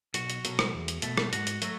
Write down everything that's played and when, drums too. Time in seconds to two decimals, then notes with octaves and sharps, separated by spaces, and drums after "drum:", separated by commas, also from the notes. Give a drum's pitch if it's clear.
0.14 B1 F#4, drum: hi-hat
0.30 drum: hi-hat
0.45 B2 F#3, drum: hi-hat
0.59 drum: rim click
0.74 E2
0.88 drum: hi-hat
1.02 B2 A3, drum: hi-hat
1.17 drum: rim click
1.33 G#2 F#4, drum: hi-hat
1.47 drum: hi-hat
1.62 F#3 A3, drum: hi-hat